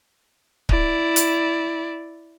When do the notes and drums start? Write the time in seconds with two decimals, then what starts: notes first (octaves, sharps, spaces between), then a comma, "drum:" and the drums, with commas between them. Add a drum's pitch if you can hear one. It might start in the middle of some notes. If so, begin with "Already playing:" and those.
0.69 E4 D5, drum: kick C#1
1.16 drum: hi-hat